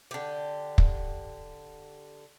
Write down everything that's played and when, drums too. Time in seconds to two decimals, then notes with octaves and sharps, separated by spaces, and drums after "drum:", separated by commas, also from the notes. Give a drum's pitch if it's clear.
0.11 D3 G4
0.78 drum: kick